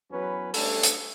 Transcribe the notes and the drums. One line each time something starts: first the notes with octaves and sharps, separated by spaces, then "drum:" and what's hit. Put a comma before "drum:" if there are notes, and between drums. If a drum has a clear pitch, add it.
E2 F#3 C#4 B4
G3 A3 C#4 D4 A4, drum: open hi-hat
drum: hi-hat